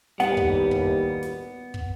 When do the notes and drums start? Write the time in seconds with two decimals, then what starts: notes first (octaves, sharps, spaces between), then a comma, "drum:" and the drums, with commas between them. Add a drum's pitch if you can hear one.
0.20 D#2 A2 G3 B3 F#5, drum: snare
0.37 drum: kick
0.71 drum: kick
1.23 drum: snare
1.74 drum: kick